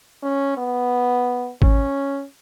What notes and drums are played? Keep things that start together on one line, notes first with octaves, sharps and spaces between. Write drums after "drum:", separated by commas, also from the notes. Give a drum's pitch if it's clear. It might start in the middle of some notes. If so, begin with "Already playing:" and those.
C#4
B3
C#4, drum: kick G#1